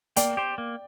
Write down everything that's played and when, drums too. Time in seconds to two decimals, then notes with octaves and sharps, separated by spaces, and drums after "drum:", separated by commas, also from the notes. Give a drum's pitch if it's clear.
0.16 A#3 D5 G5, drum: hi-hat
0.37 G4 C5
0.58 A#3